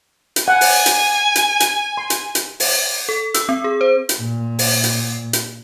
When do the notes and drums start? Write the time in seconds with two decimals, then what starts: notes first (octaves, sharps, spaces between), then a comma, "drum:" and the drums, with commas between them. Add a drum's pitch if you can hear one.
0.36 drum: hi-hat
0.48 F#5 G#5
0.61 drum: open hi-hat
0.86 drum: hi-hat
1.36 drum: hi-hat
1.60 drum: hi-hat
1.97 C6
2.10 drum: hi-hat
2.35 drum: hi-hat
2.60 drum: open hi-hat
3.09 A4
3.34 E6, drum: hi-hat
3.49 C4
3.64 G#4
3.81 C5
4.09 drum: hi-hat
4.19 A#2
4.59 drum: open hi-hat
4.84 drum: hi-hat
5.33 drum: hi-hat